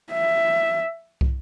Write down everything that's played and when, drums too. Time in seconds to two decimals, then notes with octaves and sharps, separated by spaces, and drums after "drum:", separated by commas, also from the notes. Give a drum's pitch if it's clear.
0.12 E5
1.21 drum: kick